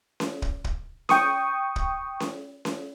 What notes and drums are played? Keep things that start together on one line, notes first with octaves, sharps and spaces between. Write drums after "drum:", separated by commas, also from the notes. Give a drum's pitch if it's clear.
drum: snare C#4
drum: kick
drum: kick
G5 C#6 D#6, drum: snare C#4
drum: kick
drum: snare C#4
drum: snare C#4